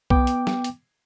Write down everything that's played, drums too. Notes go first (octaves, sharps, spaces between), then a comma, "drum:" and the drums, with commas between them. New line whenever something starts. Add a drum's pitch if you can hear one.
B3 G5 D6, drum: kick
drum: hi-hat
drum: snare
drum: hi-hat